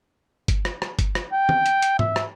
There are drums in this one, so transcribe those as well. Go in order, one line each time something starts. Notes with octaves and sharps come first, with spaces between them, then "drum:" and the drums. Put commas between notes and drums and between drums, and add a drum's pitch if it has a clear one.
drum: kick G1, hi-hat
drum: rim click
drum: rim click
drum: kick G1, hi-hat
drum: rim click
G5
drum: tom
drum: hi-hat
drum: hi-hat
E5, drum: tom G#2
drum: rim click